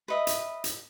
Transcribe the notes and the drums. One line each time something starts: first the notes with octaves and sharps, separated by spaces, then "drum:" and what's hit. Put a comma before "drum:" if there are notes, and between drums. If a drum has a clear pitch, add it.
B4 D#5 E5
drum: hi-hat
drum: hi-hat